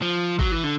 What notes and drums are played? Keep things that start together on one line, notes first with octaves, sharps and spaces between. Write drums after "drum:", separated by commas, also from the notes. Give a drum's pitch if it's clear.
F3
F#3, drum: kick G#1
E3
D3